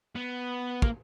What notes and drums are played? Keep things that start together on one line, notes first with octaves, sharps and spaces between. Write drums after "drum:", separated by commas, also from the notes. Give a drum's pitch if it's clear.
B3
A#3, drum: kick